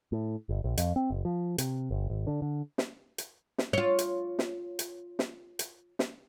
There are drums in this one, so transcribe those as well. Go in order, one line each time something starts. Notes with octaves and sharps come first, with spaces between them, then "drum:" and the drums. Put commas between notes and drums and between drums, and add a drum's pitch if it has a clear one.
A2
G1
A#1
F2, drum: hi-hat
C4
F#1
F3
C3, drum: hi-hat
G1
G#1
D3
D3
drum: snare
drum: hi-hat
drum: snare
F4 C#5
drum: hi-hat
drum: snare
drum: hi-hat
drum: snare
drum: hi-hat
drum: snare